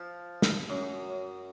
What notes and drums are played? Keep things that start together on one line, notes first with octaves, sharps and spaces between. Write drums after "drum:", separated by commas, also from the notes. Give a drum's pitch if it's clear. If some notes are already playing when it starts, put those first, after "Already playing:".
Already playing: F3
drum: snare
F#2